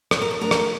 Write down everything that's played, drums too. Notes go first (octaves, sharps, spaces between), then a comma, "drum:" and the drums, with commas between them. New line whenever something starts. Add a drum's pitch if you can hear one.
A#2 C#5, drum: rim click
A#4
A4
A3 D4 A#4
drum: rim click